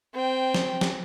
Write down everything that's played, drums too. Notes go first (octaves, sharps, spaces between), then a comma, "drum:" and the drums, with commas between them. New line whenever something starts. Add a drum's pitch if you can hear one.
C4 G5
drum: snare
drum: snare